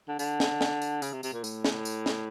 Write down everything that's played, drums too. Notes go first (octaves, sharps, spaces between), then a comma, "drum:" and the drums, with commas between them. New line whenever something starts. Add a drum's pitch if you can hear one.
D3
D3, drum: tambourine
drum: snare
drum: snare
drum: tambourine
C#3, drum: tambourine
C3
C3, drum: tambourine
A#2
A2, drum: tambourine
drum: snare
drum: tambourine
drum: snare